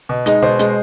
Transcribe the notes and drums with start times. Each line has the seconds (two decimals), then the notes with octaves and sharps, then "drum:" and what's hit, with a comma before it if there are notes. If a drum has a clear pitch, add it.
0.09 B2
0.26 G#3 D#4, drum: hi-hat
0.42 B2 C5
0.59 G#3, drum: hi-hat